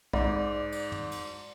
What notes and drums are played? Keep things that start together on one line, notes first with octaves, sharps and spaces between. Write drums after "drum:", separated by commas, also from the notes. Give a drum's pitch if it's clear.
G#2 D5, drum: kick B1
drum: cymbal
drum: tom
drum: cymbal